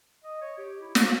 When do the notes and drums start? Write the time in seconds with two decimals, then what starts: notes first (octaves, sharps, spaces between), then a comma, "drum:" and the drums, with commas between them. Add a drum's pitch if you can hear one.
0.24 D#5
0.41 C#5
0.58 G4
0.82 E4
0.95 F#4, drum: snare